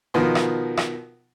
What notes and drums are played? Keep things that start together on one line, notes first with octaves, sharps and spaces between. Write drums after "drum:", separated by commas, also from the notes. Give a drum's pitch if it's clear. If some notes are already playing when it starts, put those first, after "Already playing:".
B2 D#3 F3
drum: rim click
drum: rim click